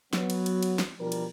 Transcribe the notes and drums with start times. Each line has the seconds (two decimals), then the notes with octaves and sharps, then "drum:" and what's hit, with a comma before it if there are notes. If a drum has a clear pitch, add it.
0.13 F#3 B3, drum: snare
0.30 drum: cymbal
0.46 drum: cymbal
0.63 drum: cymbal
0.79 drum: snare
1.00 B2 F3 G3 D4 A#4
1.12 drum: cymbal